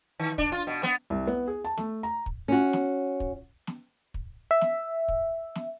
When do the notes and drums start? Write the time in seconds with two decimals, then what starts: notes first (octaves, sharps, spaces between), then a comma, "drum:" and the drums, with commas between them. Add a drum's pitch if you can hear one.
0.19 D#3
0.38 D4, drum: kick
0.52 F4
0.67 B2
0.83 B3, drum: snare
1.10 C2
1.27 B3
1.48 G#4
1.65 A5
1.77 A3, drum: snare
2.03 A#5
2.26 drum: kick
2.48 C#4 F#4
2.73 drum: snare
3.20 drum: kick
3.67 drum: snare
4.14 drum: kick
4.51 E5
4.61 drum: snare
5.08 drum: kick
5.55 drum: snare